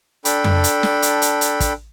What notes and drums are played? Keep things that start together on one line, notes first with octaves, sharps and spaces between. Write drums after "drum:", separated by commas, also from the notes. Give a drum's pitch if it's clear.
D4 A4 G5 B5, drum: hi-hat
drum: tom F2
drum: hi-hat
drum: snare
drum: hi-hat
drum: hi-hat
drum: hi-hat
drum: kick, hi-hat